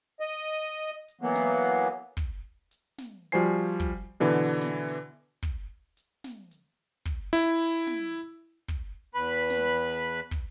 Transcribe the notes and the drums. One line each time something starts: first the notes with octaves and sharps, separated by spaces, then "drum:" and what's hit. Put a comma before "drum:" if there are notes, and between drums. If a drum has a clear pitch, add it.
D#5
drum: hi-hat
E3 F#3 A#3 B3
drum: snare
drum: hi-hat
drum: kick, hi-hat
drum: hi-hat
drum: snare
F3 G3 F#4 C5 G#5 C7
drum: kick, hi-hat
B2 D3 E3
drum: hi-hat
drum: snare
drum: hi-hat
drum: kick
drum: hi-hat
drum: snare
drum: hi-hat
drum: kick, hi-hat
E4
drum: hi-hat
drum: snare
drum: hi-hat
drum: kick, hi-hat
E2 B4 B5
drum: snare
drum: hi-hat
drum: kick, hi-hat